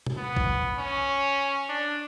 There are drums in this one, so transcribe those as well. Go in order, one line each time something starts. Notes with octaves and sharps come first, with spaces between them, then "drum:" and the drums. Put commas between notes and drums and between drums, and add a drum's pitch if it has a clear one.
drum: tom B2
B3
drum: kick A#1
C#4
D4